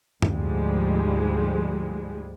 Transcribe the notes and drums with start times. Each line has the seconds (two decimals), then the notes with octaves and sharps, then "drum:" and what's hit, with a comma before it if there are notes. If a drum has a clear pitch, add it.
0.22 D2 G#2 F3 G3 G#3, drum: tom F#2